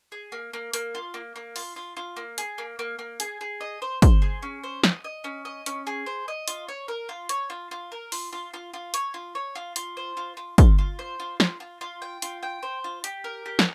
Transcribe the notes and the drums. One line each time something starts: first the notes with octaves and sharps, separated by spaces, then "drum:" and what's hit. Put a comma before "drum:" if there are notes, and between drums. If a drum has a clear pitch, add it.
G#4
A#3
A#3
A#3, drum: hi-hat
F4
A#3
A#3
F4, drum: open hi-hat
F4
F4
A#3
G#4, drum: hi-hat
A#3
A#3
A#3
G#4, drum: hi-hat
G#4
D#5
C5
C5, drum: kick, hi-hat
G#4
C#4
C5
D#5, drum: snare
D#5
C#4
D#5
C#4, drum: hi-hat
G#4
C5
D#5
F4, drum: hi-hat
C#5
A#4
F4
C#5, drum: hi-hat
F4
F4
A#4
F4, drum: open hi-hat
F4
F4
F4
C#5, drum: hi-hat
F4
C#5
F4
F4, drum: hi-hat
C5
F4
F4
F4, drum: kick, hi-hat
F4
C5
F4
F4, drum: snare
F4
F4
G5
F4, drum: hi-hat
G5
C5
F4
G4, drum: hi-hat
A#4
G4
drum: snare